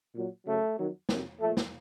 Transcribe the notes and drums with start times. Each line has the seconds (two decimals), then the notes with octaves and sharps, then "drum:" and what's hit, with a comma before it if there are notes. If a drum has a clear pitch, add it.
0.14 A#2 F#3
0.45 F#2 C#3 F#3 A3
0.77 F2 D#3 F#3
1.09 F2 C3 D#3 F#3, drum: snare
1.40 A#2 F3 A3
1.57 drum: snare